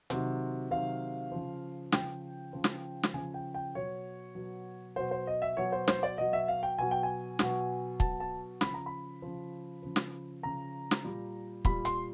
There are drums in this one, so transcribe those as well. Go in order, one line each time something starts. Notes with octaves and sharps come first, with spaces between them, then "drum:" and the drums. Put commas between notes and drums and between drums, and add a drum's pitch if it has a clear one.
C3 D#3 F#3, drum: hi-hat
C3 D#3 F#3 F5
C#3 F3
C#3 F3 G5, drum: snare
C#3 F3
drum: snare
drum: snare
C#3 F3 G#5
G5
G5
B2 F#3 C#5
B2 F#3
B2 F#3 C5
C5
D#5
E5
B2 F#3 C#5
C5
C5, drum: snare
D5
B2 F#3 D#5
E5
F5
G5
B2 F#3 G#5
G5
G#5
B2 F#3, drum: snare
B2 F#3 A5, drum: kick
A5
C#3 F3 B5, drum: snare
A#5
B5
C#3 F3
C#3 F3
drum: snare
C#3 F3 A#5
drum: snare
A#2 G3
A#2 G3 B5, drum: kick
C6, drum: hi-hat